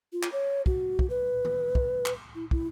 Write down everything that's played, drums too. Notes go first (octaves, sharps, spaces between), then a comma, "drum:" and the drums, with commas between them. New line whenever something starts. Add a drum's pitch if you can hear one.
F4
drum: clap
C#5
F#4, drum: kick
drum: kick
B4
drum: tom D#3
drum: kick
drum: clap
E4
E4, drum: kick